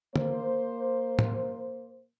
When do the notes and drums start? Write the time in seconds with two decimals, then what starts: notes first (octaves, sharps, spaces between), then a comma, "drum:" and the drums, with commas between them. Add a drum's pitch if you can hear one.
0.16 A#3 C5, drum: tom
1.19 drum: tom A2